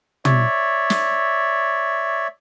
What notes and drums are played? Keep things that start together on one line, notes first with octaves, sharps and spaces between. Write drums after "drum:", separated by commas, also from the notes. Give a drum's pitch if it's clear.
C#5 D5 E5, drum: tom
drum: snare